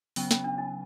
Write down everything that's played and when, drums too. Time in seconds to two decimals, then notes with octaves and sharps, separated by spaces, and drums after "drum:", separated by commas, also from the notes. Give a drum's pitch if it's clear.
0.16 C#3 F#3 B3 C#4, drum: open hi-hat
0.31 C#4, drum: snare
0.44 D4
0.58 D#4